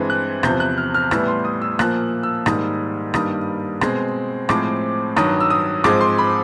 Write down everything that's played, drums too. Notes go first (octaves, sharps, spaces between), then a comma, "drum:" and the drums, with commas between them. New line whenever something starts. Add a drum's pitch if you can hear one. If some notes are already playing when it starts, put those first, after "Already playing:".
Already playing: G2 E3 G#3 C4
F#6
E2 C3 F3 G6, drum: rim click
F#6
F6
F6
A2 E3 G3 B3 E6, drum: rim click
C6
D#6
E6
A#2 F3 A#3 F#6, drum: rim click
E6
G#2 D#3 G3 A#3 D#6, drum: rim click
G2 D#3 G3 A#3 D#6, drum: rim click
B2 G#3 C4, drum: rim click
A2 F3 G#3 C4 D6, drum: rim click
G2 D#3 F#3 D#6, drum: rim click
E6
D#6
G#2 F3 G#3 C4 D6, drum: rim click
C6
B5